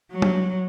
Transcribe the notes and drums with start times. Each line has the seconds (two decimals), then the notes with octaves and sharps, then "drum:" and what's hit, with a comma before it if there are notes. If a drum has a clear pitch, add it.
0.12 F#3
0.22 drum: tom F#3